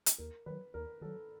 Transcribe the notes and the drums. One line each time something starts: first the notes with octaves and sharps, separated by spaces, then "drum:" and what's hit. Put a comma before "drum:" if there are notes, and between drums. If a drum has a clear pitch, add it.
drum: hi-hat
D#2 A#4
D#3 F#3 B4
D#2 A#4
D#3 F#3 A4